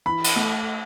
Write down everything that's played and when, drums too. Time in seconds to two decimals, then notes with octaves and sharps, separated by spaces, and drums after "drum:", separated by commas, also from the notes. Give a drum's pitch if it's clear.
0.06 E3 B5
0.24 drum: cymbal
0.36 A3